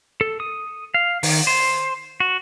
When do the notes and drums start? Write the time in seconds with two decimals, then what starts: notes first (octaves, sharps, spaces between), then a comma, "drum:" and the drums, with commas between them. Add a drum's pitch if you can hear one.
0.21 A4
0.40 D#6
0.94 F5
1.23 D#3, drum: open hi-hat
1.47 C5
2.20 F#4